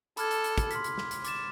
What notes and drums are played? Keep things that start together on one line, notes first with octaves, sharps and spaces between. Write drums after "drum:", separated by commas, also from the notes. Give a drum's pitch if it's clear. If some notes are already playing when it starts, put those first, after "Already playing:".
A4 B5 D6 F6 G#6, drum: hi-hat
drum: hi-hat
drum: hi-hat
drum: kick, hi-hat
C6 F6 B6, drum: hi-hat
drum: hi-hat
drum: snare
drum: hi-hat
D6 A6 E7, drum: hi-hat